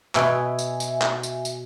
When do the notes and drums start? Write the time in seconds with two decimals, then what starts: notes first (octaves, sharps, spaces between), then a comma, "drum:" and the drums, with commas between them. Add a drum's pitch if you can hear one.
0.15 B2 E5 G#5, drum: clap
0.59 drum: tambourine
0.80 drum: tambourine
1.02 drum: clap
1.23 drum: tambourine
1.45 drum: tambourine